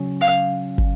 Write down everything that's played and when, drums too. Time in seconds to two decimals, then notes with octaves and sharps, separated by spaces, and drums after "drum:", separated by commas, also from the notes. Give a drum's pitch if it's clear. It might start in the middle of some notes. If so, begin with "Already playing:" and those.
Already playing: C#3 F#3 C#4
0.21 F5
0.78 drum: kick